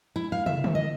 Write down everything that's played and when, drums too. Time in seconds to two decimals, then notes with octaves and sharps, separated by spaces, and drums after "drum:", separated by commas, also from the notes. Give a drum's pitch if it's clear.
0.16 E4
0.32 F5
0.46 E5, drum: tom
0.64 drum: tom D3
0.75 D#5